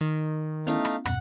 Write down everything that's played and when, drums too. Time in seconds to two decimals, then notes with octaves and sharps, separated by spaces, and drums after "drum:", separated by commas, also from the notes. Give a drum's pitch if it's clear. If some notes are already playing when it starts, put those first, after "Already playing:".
0.01 D#3
0.67 A3 B3 C#4 D#4 E4 F5, drum: hi-hat
0.85 drum: rim click
1.05 E2 G2 B2 F#5, drum: rim click